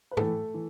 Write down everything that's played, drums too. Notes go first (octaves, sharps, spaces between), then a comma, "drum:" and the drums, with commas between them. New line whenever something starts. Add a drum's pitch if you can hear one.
B4
A2 E3 A3 A4, drum: tom G#2
E3